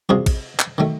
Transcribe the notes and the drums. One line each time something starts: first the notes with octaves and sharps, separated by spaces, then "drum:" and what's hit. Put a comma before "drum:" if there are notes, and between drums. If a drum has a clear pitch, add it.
C2 C3 F3 F#4 G#4
drum: kick, cymbal
drum: clap
D#3 F#3 A3